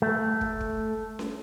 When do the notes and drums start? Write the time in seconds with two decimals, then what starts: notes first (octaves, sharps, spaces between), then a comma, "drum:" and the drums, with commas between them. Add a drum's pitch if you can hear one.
0.02 A3
0.41 drum: kick
0.60 drum: kick
1.19 drum: snare C#4